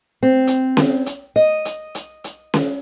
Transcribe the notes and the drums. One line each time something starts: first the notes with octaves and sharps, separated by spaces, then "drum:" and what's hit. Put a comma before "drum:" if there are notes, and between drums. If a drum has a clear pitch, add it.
C4
drum: hi-hat
drum: snare C#4
drum: hi-hat
D#5
drum: hi-hat
drum: hi-hat
drum: hi-hat
drum: snare C#4